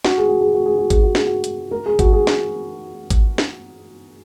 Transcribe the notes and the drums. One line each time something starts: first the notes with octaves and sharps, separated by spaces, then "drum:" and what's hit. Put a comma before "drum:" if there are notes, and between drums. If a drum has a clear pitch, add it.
F#4, drum: snare
G#4
F#4
G#4
F#4
G#4
F#4
G#4, drum: kick G#1, hi-hat
F#4
G#4, drum: snare
F#4
drum: hi-hat
A#4
G#4
F#4, drum: kick G#1, hi-hat
G#4
drum: snare
drum: kick G#1, hi-hat
drum: snare